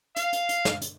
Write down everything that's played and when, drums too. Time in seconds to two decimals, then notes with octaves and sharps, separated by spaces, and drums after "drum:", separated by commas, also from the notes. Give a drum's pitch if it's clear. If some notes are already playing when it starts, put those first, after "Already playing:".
0.16 F5, drum: hi-hat
0.33 drum: hi-hat
0.49 drum: hi-hat
0.65 drum: snare
0.81 drum: hi-hat